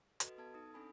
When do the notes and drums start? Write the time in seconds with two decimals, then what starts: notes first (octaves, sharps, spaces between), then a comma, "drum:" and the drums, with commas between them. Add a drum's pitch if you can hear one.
0.20 F#4 A4 B4 D#5, drum: hi-hat
0.38 B3 A4 A5 G#6
0.54 D#4 D#6
0.74 C4 D4 A4 G#5 B5